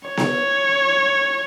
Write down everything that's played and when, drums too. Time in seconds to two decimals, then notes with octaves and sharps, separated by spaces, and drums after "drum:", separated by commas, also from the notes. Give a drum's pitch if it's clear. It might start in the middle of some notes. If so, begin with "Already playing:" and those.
0.08 C#5
0.17 drum: snare B3